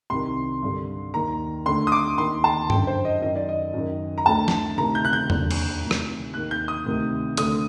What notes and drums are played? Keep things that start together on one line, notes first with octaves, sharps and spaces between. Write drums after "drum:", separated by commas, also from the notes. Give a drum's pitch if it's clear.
C2 C3 D#3 C6
G2 D3
D#2 D#3 A#5
D2 D3 C6
D#6
D6
D#2 D#3 C6
A5
F#2 D3 G5, drum: tom G2
C5
D#5
F#2 D#3 D#5
D5
D#5
F#2 D#3
A#5
D2 D3 A5
drum: snare
D2 C3 D#3 A#5
G6
F#6
G6
D#2 D3, drum: tom E2
drum: cymbal
D2 C3 D#3
drum: rim click
D#2 D#3 F#6
G6
D#6
D2 C3 D#3
D2 D3 D#6, drum: hi-hat